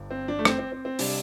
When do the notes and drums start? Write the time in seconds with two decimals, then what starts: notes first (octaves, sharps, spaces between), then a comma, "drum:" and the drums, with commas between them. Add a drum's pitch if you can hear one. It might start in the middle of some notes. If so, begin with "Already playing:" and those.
Already playing: G1 G2
0.11 C4
0.28 D4
0.39 A3
0.45 C4, drum: rim click
0.59 C4
0.72 C4
0.85 C4
0.99 C3 G3 D4, drum: open hi-hat